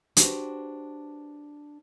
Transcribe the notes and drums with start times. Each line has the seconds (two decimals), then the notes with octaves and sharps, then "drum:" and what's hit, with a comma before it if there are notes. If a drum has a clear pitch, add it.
0.17 D4 F#4 G4 B4 C5, drum: hi-hat